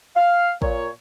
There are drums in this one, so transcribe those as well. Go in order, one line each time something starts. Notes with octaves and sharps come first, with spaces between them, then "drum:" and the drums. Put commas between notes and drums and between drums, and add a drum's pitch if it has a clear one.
F5
A#2 C#5, drum: kick